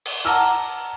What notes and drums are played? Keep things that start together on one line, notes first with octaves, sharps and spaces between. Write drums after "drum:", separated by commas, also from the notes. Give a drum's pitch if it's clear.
drum: cymbal
F#5 A5 A#5 D6 E6 F6